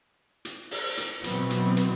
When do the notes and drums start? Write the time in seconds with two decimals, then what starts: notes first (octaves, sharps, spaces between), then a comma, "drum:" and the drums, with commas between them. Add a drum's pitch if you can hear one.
0.45 drum: hi-hat
0.71 drum: open hi-hat
0.98 drum: hi-hat
1.24 B2 E3 F#3 B3 C4, drum: hi-hat
1.50 drum: hi-hat
1.77 drum: hi-hat